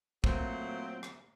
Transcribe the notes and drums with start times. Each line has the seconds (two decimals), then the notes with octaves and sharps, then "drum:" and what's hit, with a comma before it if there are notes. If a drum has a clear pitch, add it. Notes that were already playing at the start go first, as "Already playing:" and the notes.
0.24 A#2 F#3 A3 C4, drum: kick
1.03 drum: rim click